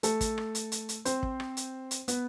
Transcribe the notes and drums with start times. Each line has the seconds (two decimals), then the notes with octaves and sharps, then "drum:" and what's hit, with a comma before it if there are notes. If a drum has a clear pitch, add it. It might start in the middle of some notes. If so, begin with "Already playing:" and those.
0.03 A3 A4, drum: hi-hat
0.21 drum: kick, hi-hat
0.38 drum: rim click
0.55 drum: hi-hat
0.72 drum: hi-hat
0.89 drum: hi-hat
1.05 C4 C5, drum: hi-hat
1.23 drum: kick
1.40 drum: rim click
1.57 drum: hi-hat
1.91 drum: hi-hat
2.08 B3 B4, drum: hi-hat